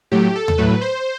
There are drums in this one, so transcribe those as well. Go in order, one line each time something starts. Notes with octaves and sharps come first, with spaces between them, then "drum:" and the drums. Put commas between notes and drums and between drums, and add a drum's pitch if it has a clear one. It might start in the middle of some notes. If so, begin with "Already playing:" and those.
A2 F#3 A3 G4
A4
drum: tom D#2
A2 F#3 A3 B4
C5